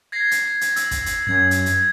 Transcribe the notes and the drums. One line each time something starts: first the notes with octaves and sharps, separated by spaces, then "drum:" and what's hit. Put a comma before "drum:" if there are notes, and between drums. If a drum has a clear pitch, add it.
G#6 A#6 C7
drum: hi-hat
drum: hi-hat
E6, drum: hi-hat
drum: kick, hi-hat
drum: hi-hat
F#2 G#6
drum: hi-hat
drum: hi-hat